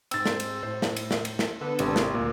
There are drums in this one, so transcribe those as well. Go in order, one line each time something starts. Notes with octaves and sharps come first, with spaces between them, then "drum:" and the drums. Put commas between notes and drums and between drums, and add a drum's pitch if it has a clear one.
G#2 C4 E6 A6, drum: cymbal
drum: snare
drum: cymbal
A2 C5
drum: snare
drum: cymbal
drum: snare
drum: cymbal
drum: snare
D3 B3 A4
G#1 C3, drum: cymbal
drum: snare
D2 A#2 A#3